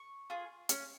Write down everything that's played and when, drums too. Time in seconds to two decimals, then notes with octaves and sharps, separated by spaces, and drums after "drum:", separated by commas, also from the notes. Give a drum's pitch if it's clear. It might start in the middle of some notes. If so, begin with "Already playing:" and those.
Already playing: C#6
0.30 F4 G#4
0.69 C#4, drum: hi-hat